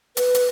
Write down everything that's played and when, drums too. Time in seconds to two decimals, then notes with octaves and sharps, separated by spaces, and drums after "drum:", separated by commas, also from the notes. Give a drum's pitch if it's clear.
0.17 B4, drum: hi-hat
0.34 drum: hi-hat